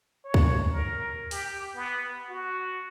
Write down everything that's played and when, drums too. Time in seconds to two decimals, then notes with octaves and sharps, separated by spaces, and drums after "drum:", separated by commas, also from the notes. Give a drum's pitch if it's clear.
0.25 C#5
0.34 drum: kick C#2
0.71 A#4
1.31 G4, drum: open hi-hat
1.75 B3
2.29 F#4